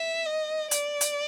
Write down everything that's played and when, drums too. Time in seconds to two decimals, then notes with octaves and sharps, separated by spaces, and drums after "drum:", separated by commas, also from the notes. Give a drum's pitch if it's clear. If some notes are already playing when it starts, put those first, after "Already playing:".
Already playing: E5
0.26 D#5
0.71 D5, drum: hi-hat
1.01 drum: hi-hat